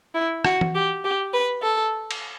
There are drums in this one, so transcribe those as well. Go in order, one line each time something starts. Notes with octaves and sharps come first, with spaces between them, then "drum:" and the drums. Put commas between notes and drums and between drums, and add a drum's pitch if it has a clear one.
E4
F#4, drum: rim click
drum: tom E3
G4
G4
B4
A4
drum: cymbal